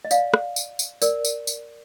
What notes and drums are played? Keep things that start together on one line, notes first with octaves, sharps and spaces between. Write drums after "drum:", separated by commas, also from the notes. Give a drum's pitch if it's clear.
D#5
D5 F5, drum: tambourine
drum: rim click
drum: tambourine
drum: tambourine
A#4 D5, drum: tambourine
drum: tambourine
drum: tambourine